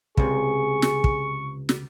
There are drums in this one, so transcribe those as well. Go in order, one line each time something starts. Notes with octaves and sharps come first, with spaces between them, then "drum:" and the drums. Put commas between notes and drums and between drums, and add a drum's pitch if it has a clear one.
C#2 C3 G#4 C#6, drum: kick
drum: snare
drum: kick
drum: snare